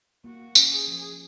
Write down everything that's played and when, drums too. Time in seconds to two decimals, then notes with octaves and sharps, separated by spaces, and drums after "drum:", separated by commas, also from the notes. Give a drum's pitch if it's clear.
0.24 A#3 F#4
0.55 C#4, drum: tambourine
0.71 G#4
0.88 F3